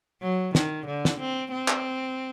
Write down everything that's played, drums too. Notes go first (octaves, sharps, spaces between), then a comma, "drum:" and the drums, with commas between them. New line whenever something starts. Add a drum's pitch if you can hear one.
F#3
D#3, drum: snare
D3
drum: snare
C4
C4
drum: clap